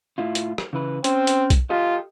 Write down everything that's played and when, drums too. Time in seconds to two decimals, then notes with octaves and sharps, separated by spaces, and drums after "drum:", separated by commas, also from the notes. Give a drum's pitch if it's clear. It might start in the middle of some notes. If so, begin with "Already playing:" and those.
0.18 A2 E4 F4
0.35 drum: hi-hat
0.58 drum: rim click
0.73 C#3 E3 B4
1.04 C4 C#4 C5, drum: hi-hat
1.27 drum: hi-hat
1.50 drum: kick B1, hi-hat
1.70 F4 G4 A4 D#5